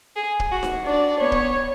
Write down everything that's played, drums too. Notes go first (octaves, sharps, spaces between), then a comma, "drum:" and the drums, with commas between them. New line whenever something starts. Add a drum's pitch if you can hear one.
G#4
drum: kick
F#4
drum: snare D#4
D4 D5
B3 C#5
drum: kick